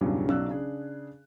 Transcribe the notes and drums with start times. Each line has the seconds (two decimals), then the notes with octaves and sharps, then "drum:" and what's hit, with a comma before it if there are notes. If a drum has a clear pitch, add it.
0.01 B1 E2 G2 C#3 F#3 G3
0.29 B1 F#3 D5 E6 F#6, drum: tom C#4
0.48 C#3 D4 G#4